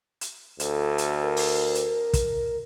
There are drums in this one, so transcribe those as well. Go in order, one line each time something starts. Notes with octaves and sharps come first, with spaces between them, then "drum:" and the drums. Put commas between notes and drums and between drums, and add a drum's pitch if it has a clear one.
drum: hi-hat
D2 A4, drum: hi-hat
drum: hi-hat
A#4
drum: open hi-hat
drum: hi-hat
drum: kick, hi-hat